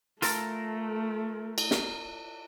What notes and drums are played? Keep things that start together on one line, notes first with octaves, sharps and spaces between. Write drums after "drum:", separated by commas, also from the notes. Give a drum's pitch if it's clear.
A3 F4 A4 A#4, drum: hi-hat
drum: cymbal
drum: snare